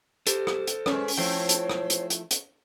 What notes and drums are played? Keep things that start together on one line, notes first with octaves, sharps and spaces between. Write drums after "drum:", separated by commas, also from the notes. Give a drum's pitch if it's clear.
G4 A4 C5, drum: hi-hat
drum: rim click
drum: hi-hat
G#3 C#4 B4, drum: rim click
drum: open hi-hat
F3 A3 E4 C5 C#5 G5
drum: hi-hat
drum: rim click
drum: hi-hat
drum: hi-hat
drum: hi-hat